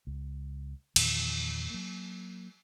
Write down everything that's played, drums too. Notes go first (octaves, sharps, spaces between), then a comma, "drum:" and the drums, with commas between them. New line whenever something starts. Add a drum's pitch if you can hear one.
C#2
E2 A#2 D#3 F3, drum: cymbal
F#3 A#3